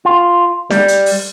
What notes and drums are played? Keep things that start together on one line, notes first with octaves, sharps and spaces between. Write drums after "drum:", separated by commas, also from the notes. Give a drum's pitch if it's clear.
F4
G3, drum: snare
drum: hi-hat
drum: open hi-hat